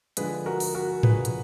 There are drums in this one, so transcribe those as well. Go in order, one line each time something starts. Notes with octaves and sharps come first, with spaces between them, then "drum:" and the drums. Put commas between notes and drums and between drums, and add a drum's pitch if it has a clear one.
D3 F3 G#3 G#4 B4, drum: hi-hat
F#4 A#4
drum: open hi-hat
F#4 A#4
D3 F3 G#3 G#4 B4, drum: tom G#2
drum: hi-hat